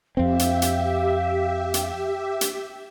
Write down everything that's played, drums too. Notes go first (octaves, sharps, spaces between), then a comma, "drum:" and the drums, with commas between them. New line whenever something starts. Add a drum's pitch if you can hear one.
F2 C4 G4 E5 F5
drum: hi-hat
drum: hi-hat
drum: hi-hat
drum: hi-hat